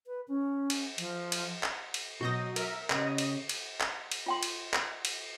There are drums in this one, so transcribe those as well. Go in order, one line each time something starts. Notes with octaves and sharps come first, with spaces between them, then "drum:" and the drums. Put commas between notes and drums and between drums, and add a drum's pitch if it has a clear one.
B4
C#4
drum: cymbal
F3, drum: cymbal
drum: cymbal
drum: clap
drum: cymbal
B2 F#3 F#4 D#5 D#6 G6 A#6
A#4 E5, drum: cymbal
C#3 G4 D#5, drum: clap
drum: cymbal
drum: cymbal
drum: clap
drum: cymbal
F4 G5 C6
drum: cymbal
drum: clap
drum: cymbal